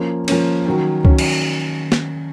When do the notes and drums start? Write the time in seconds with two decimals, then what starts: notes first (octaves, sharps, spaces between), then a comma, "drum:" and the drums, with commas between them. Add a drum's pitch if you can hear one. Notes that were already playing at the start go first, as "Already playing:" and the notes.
Already playing: F3 A#3 C#4
0.28 F3 A#3 C#4, drum: cymbal
0.66 D#3 F#3 C#4
1.05 F#3 C#4, drum: kick C#2
1.19 drum: cymbal
1.92 drum: snare